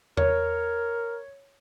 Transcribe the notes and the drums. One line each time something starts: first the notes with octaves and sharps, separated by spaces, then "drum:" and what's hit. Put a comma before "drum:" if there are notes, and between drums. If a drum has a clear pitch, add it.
A#4 C#5, drum: tom E2